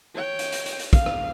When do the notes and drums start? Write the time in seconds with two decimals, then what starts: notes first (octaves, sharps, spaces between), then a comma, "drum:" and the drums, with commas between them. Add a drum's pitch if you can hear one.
0.15 C#5 G5
0.39 drum: hi-hat
0.52 drum: hi-hat
0.66 drum: hi-hat
0.79 drum: hi-hat
0.93 F5, drum: kick, hi-hat
1.06 drum: rim click